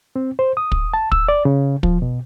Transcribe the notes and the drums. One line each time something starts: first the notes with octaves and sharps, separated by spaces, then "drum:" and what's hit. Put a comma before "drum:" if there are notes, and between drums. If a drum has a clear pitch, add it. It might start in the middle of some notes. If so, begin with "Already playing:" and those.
C4
C5
D#6
drum: kick
A5
E6, drum: kick
D5
C#3
F3, drum: kick
B2